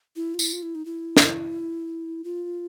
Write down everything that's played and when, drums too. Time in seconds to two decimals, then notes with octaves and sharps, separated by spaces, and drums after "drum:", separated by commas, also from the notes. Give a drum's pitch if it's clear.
0.16 E4
0.34 F4
0.39 E4, drum: tambourine
0.53 F4
0.63 E4
0.75 D#4
0.85 E4
1.17 drum: snare
2.24 F4